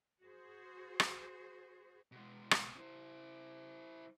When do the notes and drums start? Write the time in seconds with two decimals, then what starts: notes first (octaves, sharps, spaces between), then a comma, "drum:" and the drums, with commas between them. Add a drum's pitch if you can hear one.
0.22 F#4 G#4 C5
1.00 drum: rim click
2.12 B2 G#3
2.51 drum: rim click
2.77 E4 C5